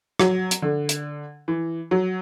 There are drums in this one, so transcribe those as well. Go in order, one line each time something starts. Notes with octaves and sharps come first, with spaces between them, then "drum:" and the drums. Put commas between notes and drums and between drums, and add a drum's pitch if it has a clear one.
F#3, drum: rim click
drum: hi-hat
D3
drum: hi-hat
E3
F#3